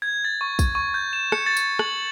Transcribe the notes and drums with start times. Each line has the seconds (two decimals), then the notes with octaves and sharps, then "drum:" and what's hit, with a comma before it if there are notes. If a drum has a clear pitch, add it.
0.02 G#6
0.25 A6
0.41 C#6
0.59 drum: kick, tambourine
0.75 C#6
0.94 G6
1.13 E7
1.32 C#7, drum: rim click
1.46 A6
1.57 drum: tambourine
1.79 F#7, drum: rim click